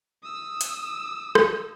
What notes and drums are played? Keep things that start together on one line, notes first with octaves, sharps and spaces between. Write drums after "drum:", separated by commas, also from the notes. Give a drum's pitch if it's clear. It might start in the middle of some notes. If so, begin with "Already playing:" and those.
D#6 E6
drum: hi-hat
drum: rim click